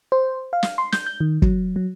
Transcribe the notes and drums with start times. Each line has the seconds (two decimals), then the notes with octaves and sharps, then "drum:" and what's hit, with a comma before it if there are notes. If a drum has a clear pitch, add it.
0.12 C5
0.53 F5
0.63 drum: snare
0.78 C6
0.92 G6, drum: snare
1.07 G6
1.20 D#3
1.42 F#3, drum: kick
1.76 F#3